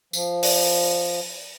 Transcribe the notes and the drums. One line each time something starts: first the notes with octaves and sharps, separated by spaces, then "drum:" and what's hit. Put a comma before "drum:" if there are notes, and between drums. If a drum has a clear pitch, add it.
F3, drum: tambourine
drum: open hi-hat